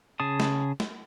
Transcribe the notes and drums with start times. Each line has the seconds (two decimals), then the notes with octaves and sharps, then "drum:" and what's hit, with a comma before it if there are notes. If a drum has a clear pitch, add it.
0.20 C#3 G#4 A5 D#6
0.40 drum: snare
0.80 drum: snare